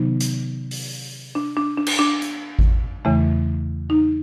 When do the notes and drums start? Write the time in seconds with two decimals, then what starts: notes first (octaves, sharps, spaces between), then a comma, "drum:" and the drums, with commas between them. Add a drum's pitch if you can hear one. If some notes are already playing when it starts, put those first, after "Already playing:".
Already playing: C3 D#3 F#3 B3 D#4
0.20 drum: hi-hat
0.71 drum: open hi-hat
1.35 D4
1.57 D4
1.77 D4
1.87 drum: cymbal
1.99 D4
2.22 drum: hi-hat
2.59 drum: kick G#1
3.05 E2 C#3 E3 A3
3.90 D#4